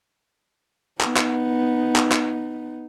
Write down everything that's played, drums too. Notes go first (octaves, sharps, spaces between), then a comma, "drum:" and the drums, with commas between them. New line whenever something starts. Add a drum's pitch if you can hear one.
B3 D#4, drum: clap
drum: clap
drum: clap
drum: clap